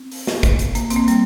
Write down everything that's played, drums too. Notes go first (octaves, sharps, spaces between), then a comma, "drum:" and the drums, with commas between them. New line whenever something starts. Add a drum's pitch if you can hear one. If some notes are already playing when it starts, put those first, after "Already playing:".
Already playing: C4
drum: open hi-hat
drum: snare
drum: kick, hi-hat
drum: hi-hat
A#3, drum: hi-hat
C4, drum: hi-hat
A#3
G3, drum: hi-hat